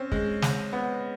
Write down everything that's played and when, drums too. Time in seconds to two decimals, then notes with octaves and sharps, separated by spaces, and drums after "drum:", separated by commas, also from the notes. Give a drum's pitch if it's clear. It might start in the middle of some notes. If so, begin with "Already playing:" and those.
Already playing: C4 C#4
0.12 G#3, drum: kick
0.42 drum: snare
0.73 B3